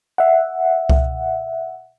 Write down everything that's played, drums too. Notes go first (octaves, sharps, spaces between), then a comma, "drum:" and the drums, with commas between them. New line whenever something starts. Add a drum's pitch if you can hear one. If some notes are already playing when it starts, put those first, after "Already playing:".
E5 F#5
drum: kick C2